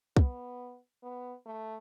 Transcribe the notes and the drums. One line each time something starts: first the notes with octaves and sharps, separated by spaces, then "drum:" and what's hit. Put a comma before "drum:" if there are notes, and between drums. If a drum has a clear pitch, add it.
B3, drum: kick
B3
A3